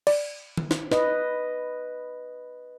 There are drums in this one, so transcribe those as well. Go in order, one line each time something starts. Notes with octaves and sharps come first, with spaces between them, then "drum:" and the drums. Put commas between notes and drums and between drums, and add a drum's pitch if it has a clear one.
D5, drum: cymbal
drum: tom D#3
drum: snare
B4 D#5, drum: snare